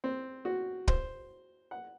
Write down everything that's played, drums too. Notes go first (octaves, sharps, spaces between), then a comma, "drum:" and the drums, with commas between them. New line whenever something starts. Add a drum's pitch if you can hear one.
C4
F#4
C5, drum: kick
F#5